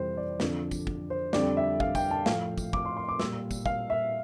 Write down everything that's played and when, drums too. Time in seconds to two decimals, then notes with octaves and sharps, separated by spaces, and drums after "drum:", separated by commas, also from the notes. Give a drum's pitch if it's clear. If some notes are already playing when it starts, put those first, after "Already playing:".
Already playing: F2 C3 E3 G3 C5
0.17 D5
0.40 F2 D3 F3, drum: snare
0.71 drum: kick, tambourine
0.87 drum: kick
1.10 C5
1.33 F2 D3 G3 D5, drum: snare
1.57 E5
1.80 F5, drum: kick
1.95 G5, drum: kick, tambourine
2.11 A5
2.26 A2 F3 F5, drum: snare
2.58 drum: kick, tambourine
2.73 D6, drum: kick
2.85 C6
2.97 C6
3.09 D6
3.20 A#2 G3 E6, drum: snare
3.51 drum: kick, tambourine
3.66 F5, drum: kick
3.90 E5